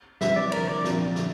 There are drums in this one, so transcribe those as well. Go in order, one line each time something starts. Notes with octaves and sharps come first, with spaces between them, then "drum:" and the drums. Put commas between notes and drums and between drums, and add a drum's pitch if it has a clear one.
C3 E3 G3 E5, drum: snare
D5
D3 F3 A#3 A#4, drum: cymbal
D5
A#2 F3 C4 F4, drum: snare
D3 A3 E4, drum: snare